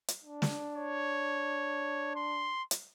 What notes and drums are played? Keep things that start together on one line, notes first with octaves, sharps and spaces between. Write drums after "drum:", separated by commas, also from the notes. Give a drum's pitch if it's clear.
drum: hi-hat
D4
drum: snare
C#5
C6
drum: hi-hat